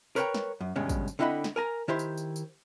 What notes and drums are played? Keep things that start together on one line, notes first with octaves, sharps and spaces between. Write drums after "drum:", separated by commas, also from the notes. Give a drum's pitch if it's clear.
A#4 B4 C#5 D#5 G5 A#5, drum: tambourine
drum: snare
F#2
D2 G2 B2 G#3 C#4
drum: kick, tambourine
drum: tambourine
D3 C4 E4 D#5 F#5 B5
drum: snare
A#4 G#5 A#5
D#3 E4 G4 C5 C6
drum: tambourine
drum: tambourine
drum: tambourine